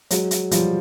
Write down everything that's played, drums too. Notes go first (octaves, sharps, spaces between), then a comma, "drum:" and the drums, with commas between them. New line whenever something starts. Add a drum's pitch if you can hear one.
F#3 G#3, drum: hi-hat
drum: hi-hat
F3 G3, drum: hi-hat